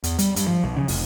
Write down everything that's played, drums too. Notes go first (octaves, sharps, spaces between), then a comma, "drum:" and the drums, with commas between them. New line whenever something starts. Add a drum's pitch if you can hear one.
E2, drum: hi-hat
G3, drum: hi-hat
G2, drum: hi-hat
F3
B1
C#3
F1, drum: open hi-hat